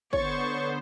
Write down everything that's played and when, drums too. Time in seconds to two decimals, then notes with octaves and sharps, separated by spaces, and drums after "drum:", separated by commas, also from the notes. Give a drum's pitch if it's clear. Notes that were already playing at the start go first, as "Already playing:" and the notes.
0.13 D3 B3 C5 C#5 C#6 A6, drum: kick